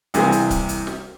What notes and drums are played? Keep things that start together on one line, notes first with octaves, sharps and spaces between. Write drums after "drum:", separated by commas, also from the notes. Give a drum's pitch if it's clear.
C2 C3 E3 A#3 G#4, drum: hi-hat
drum: hi-hat
drum: kick C#1, hi-hat
drum: hi-hat
drum: snare